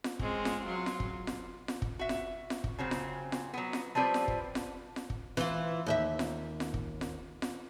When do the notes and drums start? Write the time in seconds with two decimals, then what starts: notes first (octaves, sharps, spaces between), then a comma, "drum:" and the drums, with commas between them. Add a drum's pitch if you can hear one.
0.04 drum: snare F4
0.19 G#3 C4 C#4, drum: kick
0.45 drum: snare F4
0.63 F#3 F4
0.86 drum: snare F4
1.00 drum: kick
1.27 drum: snare F4
1.68 drum: snare F4
1.82 drum: kick
1.99 F#4 E5
2.09 drum: snare F4
2.50 drum: snare F4
2.64 drum: kick
2.79 C#3 F#3 C4
2.91 drum: snare F4
3.32 drum: snare F4
3.54 F#3 B3
3.73 drum: snare F4
3.95 F3 G3 C4 B4 D5
4.14 drum: snare F4
4.28 drum: kick
4.55 drum: snare F4
4.96 drum: snare F4
5.10 drum: kick
5.37 E3 F4, drum: snare F4
5.86 D#2 D#5 E5
6.19 drum: snare F4
6.60 drum: snare F4
6.74 drum: kick
7.01 drum: snare F4
7.42 drum: snare F4